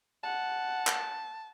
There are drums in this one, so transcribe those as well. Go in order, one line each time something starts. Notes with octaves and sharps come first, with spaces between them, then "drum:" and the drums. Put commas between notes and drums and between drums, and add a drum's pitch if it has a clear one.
F#5 A5
drum: clap